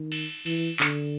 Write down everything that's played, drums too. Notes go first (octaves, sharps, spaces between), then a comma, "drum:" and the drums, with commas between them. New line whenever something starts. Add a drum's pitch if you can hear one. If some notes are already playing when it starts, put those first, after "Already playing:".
Already playing: D#3
drum: cymbal
E3, drum: cymbal
D3, drum: clap